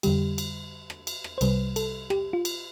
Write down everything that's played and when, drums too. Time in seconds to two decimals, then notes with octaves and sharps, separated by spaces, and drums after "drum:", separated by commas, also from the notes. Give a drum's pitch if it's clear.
0.03 F2 D3 G3 G4, drum: cymbal
0.38 drum: cymbal
0.90 drum: rim click
1.07 drum: cymbal
1.24 drum: rim click
1.38 C5
1.41 C2 C3 G3 B4, drum: cymbal
1.76 A4, drum: cymbal
2.10 G4, drum: rim click
2.33 F4
2.45 drum: cymbal